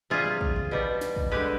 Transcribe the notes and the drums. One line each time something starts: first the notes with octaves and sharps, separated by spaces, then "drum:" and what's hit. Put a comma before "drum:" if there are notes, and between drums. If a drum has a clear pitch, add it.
C3 G3 F4 G#4
drum: tom F#3
drum: kick
drum: tom C#3
B2 G3
drum: snare
drum: kick
D3 G#3 G4 B4